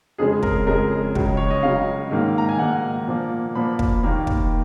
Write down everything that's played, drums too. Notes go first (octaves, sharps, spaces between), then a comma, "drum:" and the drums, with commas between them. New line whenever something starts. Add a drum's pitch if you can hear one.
F2 C#3 G#3 G#4
A#4, drum: kick
F2 C#3 G#3 A#4
C#2 C#3 F#3, drum: kick
C#5
D#5
C#2 C#3 F#3 F5
G#2 D#3 A#3
A#5
G#5
G#2 D#3 A#3 F#5
A#2 F3 A#3
A#2 F3 A#3 B5
drum: kick
D#2 D#3 A#3
drum: kick